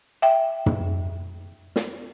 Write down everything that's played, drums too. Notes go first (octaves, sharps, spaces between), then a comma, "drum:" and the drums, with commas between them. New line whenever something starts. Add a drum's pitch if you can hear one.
E5 G5
drum: tom
drum: snare